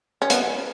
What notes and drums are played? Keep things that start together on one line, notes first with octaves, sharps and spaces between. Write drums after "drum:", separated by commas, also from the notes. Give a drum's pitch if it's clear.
C#4
B3, drum: hi-hat